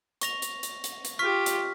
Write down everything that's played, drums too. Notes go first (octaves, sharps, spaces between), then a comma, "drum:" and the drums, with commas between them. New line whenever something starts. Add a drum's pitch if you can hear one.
C#6 A#6 F7, drum: hi-hat
drum: hi-hat
drum: hi-hat
drum: hi-hat
drum: hi-hat
F4 G4 C#6 F6 B6
drum: hi-hat